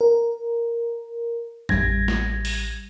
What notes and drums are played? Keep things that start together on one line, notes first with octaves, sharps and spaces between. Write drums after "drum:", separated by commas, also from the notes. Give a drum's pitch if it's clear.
A#4
A1 G3 G#6 A#6, drum: tom F2
drum: snare
drum: open hi-hat